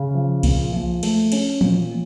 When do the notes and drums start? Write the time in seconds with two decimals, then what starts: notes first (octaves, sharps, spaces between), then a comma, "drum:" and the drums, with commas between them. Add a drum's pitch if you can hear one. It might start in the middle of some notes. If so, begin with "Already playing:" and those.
Already playing: C#3
0.14 F3
0.43 A#2, drum: kick C2, cymbal
0.72 F3
1.03 A3, drum: cymbal
1.32 C#4, drum: cymbal
1.61 A#2, drum: tom E3